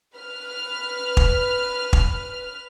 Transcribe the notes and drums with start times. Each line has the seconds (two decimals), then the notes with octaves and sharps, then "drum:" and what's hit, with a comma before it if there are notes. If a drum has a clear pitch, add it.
0.16 B4 F6
1.17 drum: kick
1.93 drum: kick